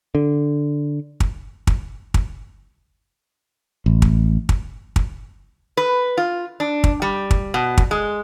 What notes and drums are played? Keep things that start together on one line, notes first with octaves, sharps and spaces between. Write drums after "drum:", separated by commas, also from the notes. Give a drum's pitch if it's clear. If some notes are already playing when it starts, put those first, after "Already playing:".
D3
drum: kick
drum: kick
drum: kick
A1
drum: kick
drum: kick
drum: kick
B4
F4
D4
drum: kick
G3
drum: kick
B2
drum: kick
G#3